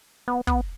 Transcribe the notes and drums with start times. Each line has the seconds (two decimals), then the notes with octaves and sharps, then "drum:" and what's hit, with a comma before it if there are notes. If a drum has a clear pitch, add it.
0.28 B3
0.47 B3, drum: kick